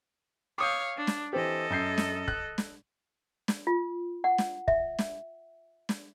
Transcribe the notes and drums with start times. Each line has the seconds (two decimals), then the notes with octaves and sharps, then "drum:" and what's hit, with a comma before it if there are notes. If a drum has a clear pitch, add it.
0.58 C#5 F5 D6 D#6 G6
0.97 D4
1.07 drum: snare
1.33 E3 C4 G4 A4 D#5
1.70 F#2 G6 C7
1.98 drum: snare
2.28 F#6, drum: kick
2.58 drum: snare
3.48 drum: snare
3.67 F4
4.24 F#5
4.38 drum: snare
4.68 E5, drum: kick
4.99 drum: snare
5.89 drum: snare